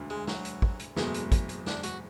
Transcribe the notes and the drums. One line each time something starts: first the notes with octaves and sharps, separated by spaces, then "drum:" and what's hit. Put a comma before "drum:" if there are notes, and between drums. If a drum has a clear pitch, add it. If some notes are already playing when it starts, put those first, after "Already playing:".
Already playing: E1 D2 D3 F#3
G#3
F#3, drum: snare
drum: hi-hat
drum: kick
drum: hi-hat
F#1 E2 B2 F#3 G#3 A3, drum: snare
drum: hi-hat
drum: kick, hi-hat
drum: hi-hat
D4, drum: snare
F#4, drum: hi-hat